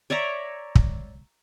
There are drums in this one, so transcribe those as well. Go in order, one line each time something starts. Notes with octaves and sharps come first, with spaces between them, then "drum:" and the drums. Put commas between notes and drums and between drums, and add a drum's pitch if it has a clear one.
C#5 D5 E5 A#5
drum: kick